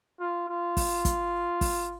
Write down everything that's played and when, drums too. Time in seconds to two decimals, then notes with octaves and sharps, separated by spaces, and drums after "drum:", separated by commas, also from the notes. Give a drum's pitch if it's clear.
0.20 F4
0.49 F4
0.77 drum: kick, open hi-hat
1.05 drum: kick, hi-hat
1.61 drum: kick, open hi-hat